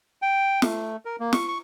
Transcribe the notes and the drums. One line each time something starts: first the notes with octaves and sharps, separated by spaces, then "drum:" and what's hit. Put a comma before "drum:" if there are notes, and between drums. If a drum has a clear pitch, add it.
G5
A3, drum: snare
A#4
A#3
C#6, drum: snare
C#6